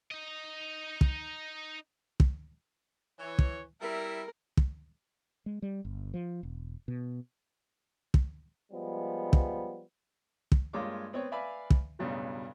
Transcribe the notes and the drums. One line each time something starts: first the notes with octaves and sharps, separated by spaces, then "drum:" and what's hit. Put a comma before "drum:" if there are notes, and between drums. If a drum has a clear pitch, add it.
D#4 D#5
drum: kick
drum: kick
E3 C#5
drum: kick
G3 E4 A#4 E5
drum: kick
G#3
G3
G1
F3
E1
B2
drum: kick
F3 G3 G#3 B3
drum: kick
drum: kick
G2 G#3 A#3 F4 C#5 D6
B3 C4 B4 C#5
B4 D5 E5 F5 G#5 B5
drum: kick
B1 E2 G2 C#3 F#3